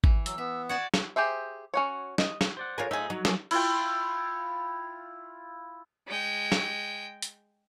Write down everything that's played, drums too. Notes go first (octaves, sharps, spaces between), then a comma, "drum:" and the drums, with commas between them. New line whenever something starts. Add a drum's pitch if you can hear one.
E3, drum: kick G#1
F#3 E6, drum: hi-hat
B3 E5
F#4 D5 A5 G#6
drum: snare
G4 G#4 C5 E5
C#4 F#4 C#5
D#5, drum: snare
drum: snare
C5 D5 F#5
F4 G#4 A#4 C#5 G#5
A2 F3 D#4 F4 G#4 E5
F#3 D#4 F#4
A#3 C#4 G#4 A4 D#5, drum: snare
E4 F4 G5, drum: cymbal
G#3 G5
drum: snare
drum: hi-hat